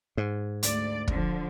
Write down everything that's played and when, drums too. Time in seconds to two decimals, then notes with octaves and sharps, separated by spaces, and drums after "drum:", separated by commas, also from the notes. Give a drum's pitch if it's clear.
0.17 G#2
0.63 D2 D5, drum: hi-hat
1.08 D3 F3, drum: kick